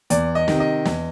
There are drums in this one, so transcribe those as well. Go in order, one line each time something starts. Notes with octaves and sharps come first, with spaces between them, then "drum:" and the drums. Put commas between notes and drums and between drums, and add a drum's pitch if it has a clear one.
E2 D5, drum: hi-hat
D#5
C3 D#3, drum: snare
D#5
E2, drum: snare